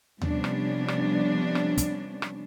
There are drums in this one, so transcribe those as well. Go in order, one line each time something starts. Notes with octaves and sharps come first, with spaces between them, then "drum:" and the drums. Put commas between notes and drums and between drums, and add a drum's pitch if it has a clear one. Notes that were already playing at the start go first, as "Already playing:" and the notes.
C3 F3 G3 B3 C#4 D4, drum: tom D#2
drum: rim click
drum: rim click
drum: rim click
drum: kick, hi-hat
drum: rim click